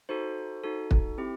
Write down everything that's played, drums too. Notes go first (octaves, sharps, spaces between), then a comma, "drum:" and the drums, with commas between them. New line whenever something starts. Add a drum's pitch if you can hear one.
D#4 F#4 A4 C5
D#4 F#4 A4
drum: kick
C4 E4 G4